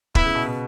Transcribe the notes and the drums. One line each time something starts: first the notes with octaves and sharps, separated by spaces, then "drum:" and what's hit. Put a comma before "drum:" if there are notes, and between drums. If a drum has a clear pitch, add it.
B3 E4, drum: kick
C#3
B2
B2